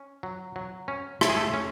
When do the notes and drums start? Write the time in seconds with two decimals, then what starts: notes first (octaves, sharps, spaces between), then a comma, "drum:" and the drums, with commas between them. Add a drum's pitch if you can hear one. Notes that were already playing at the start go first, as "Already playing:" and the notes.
Already playing: C#4
0.23 F#3
0.56 F#3
0.88 C#4
1.21 E4 A4, drum: rim click
1.30 G#4
1.37 A3 A4
1.54 C#4